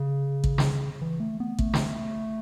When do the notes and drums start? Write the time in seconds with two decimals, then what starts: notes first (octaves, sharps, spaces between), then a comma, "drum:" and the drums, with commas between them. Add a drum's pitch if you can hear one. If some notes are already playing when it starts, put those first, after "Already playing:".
Already playing: C#3
0.44 drum: kick
0.58 drum: snare
1.01 E3
1.20 A3
1.40 B3
1.59 A3, drum: kick
1.74 drum: snare